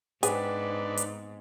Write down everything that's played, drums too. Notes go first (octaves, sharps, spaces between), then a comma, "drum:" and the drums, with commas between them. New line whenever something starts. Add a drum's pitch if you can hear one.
G#2 B3 C4 D4 G#4 B4, drum: hi-hat
drum: hi-hat